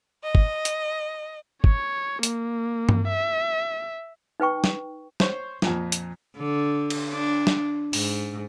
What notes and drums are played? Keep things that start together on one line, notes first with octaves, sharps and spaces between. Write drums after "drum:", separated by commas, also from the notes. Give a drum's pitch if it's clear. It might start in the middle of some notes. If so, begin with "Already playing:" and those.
D#5
drum: kick G1
drum: hi-hat
C#5, drum: kick G1
A#3, drum: hi-hat
drum: tom G2
E5
D#4 B4 G5 C#6
drum: snare
C5 C#5 C#6, drum: snare
F2 A#2, drum: snare
drum: hi-hat
D3
drum: cymbal
D4
drum: snare
G#2, drum: open hi-hat